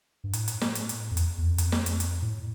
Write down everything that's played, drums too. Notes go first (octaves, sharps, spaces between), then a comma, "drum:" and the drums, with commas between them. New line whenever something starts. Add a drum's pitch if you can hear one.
G2
A2, drum: hi-hat
drum: hi-hat
drum: snare
drum: hi-hat
drum: hi-hat
F2
E2, drum: hi-hat
E2
F2
F2, drum: hi-hat
drum: snare
drum: hi-hat
drum: hi-hat
A2